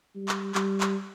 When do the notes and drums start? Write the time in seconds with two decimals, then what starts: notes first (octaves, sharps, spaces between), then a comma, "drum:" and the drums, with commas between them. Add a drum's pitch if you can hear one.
0.15 G3
0.28 drum: clap
0.55 G3, drum: clap
0.81 drum: clap